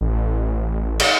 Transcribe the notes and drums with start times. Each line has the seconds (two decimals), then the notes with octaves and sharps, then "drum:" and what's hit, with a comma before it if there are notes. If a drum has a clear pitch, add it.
0.01 A1
1.00 drum: cymbal